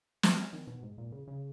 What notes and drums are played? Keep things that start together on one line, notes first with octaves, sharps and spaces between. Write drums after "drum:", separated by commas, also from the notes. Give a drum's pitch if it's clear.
F#3, drum: snare
D#3
B2
G#2
A#2
C#3
C#3